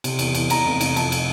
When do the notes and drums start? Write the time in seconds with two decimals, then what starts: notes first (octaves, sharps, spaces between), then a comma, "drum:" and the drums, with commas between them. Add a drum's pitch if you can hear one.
0.04 C3, drum: cymbal
0.19 E2, drum: cymbal
0.35 E2, drum: cymbal
0.50 E2 A#5, drum: cymbal
0.65 F1
0.81 F1, drum: cymbal
0.96 F2 A5, drum: cymbal
1.12 drum: cymbal